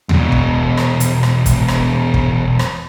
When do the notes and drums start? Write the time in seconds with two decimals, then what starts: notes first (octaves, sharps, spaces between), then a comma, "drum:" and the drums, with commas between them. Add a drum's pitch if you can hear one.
0.09 E2 B2, drum: tom D#2
0.32 drum: kick
0.77 drum: rim click
1.00 drum: hi-hat
1.23 drum: rim click
1.46 drum: kick, hi-hat
1.68 drum: rim click
2.14 drum: kick
2.59 drum: rim click